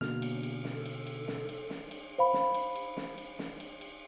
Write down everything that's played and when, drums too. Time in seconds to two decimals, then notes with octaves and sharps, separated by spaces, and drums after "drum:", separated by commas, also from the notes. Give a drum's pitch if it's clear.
0.01 B2 D3 A#3 F6, drum: snare
0.22 drum: cymbal
0.43 drum: cymbal
0.64 drum: snare
0.75 A4
0.86 drum: cymbal
1.07 drum: cymbal
1.28 drum: snare
1.49 drum: cymbal
1.70 drum: snare
1.91 drum: cymbal
2.18 C5 F5 B5
2.33 drum: snare
2.54 drum: cymbal
2.76 drum: cymbal
2.97 drum: snare
3.18 drum: cymbal
3.39 drum: snare
3.60 drum: cymbal
3.81 drum: cymbal